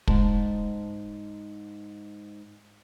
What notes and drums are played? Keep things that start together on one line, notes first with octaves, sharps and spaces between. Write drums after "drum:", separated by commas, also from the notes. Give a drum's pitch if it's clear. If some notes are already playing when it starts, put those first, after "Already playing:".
G#2 A5, drum: kick